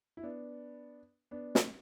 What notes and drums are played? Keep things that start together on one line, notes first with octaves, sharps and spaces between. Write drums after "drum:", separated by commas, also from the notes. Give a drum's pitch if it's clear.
E4
B3 D4
B3 D4
drum: snare